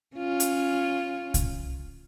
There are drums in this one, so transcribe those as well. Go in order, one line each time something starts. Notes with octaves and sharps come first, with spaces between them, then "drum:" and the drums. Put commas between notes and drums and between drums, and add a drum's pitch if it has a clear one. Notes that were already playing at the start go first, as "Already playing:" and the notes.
C#4 F4
drum: hi-hat
drum: kick C2, hi-hat